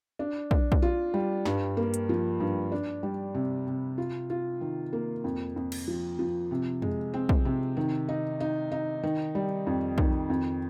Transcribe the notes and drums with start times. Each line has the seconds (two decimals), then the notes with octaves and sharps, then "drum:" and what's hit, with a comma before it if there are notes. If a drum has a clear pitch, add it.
0.19 D4
0.51 D4, drum: kick
0.72 drum: kick
0.82 F4
1.14 G3
1.45 G2, drum: snare
1.77 A#3
1.94 drum: hi-hat
2.09 F3
2.40 G2
2.72 D4
3.03 G3
3.35 C3
3.67 C3
3.98 F4
4.30 F4
4.61 D#3
4.93 A#3
5.24 F2
5.56 F2
5.72 drum: cymbal
5.88 F3
6.19 F3
6.51 C3
6.82 G#3, drum: tom F2
7.14 C4
7.29 drum: kick
7.45 C3
7.77 D#3
8.09 D#4
8.40 D#4
8.72 D#4
9.03 D#3
9.35 G3
9.67 F2
9.98 D#3, drum: kick
10.30 F2